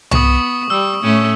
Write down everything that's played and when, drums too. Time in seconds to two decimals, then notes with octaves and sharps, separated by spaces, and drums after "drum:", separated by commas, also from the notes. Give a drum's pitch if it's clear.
0.11 B3 C#6 D#6, drum: tom C2
0.70 G3 E6
1.02 A2 A3 C#4